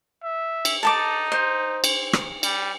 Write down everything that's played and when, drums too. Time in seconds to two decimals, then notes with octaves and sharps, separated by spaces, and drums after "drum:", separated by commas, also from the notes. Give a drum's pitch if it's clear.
0.24 E5
0.65 drum: cymbal
0.83 D#4 A4 A5 D6
1.32 C5
1.84 drum: cymbal
2.13 drum: rim click
2.43 G3, drum: cymbal